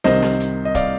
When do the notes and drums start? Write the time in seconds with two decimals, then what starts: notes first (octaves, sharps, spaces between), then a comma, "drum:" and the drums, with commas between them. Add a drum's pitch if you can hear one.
0.04 C2 C3 D#3 C5 D#5, drum: snare
0.22 drum: snare
0.40 drum: hi-hat
0.65 D#5
0.75 D5 F5, drum: kick, hi-hat